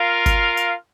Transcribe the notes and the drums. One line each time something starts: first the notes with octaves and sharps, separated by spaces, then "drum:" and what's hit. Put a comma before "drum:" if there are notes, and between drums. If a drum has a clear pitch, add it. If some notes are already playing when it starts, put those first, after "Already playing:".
Already playing: F4 A#4 F5
drum: kick G1, tambourine
drum: tambourine